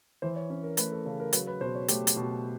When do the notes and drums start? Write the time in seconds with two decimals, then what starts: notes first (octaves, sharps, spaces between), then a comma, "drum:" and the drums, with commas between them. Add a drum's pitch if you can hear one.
0.22 E3 C5
0.36 C#5
0.50 C#4
0.63 A#4
0.77 A3 B4, drum: hi-hat
0.92 A4
1.06 C#3 A4
1.20 A#4
1.33 F#3 B4, drum: hi-hat
1.47 B4
1.61 B2 C5
1.75 C#5
1.89 A3 G4, drum: hi-hat
2.07 drum: hi-hat
2.17 B2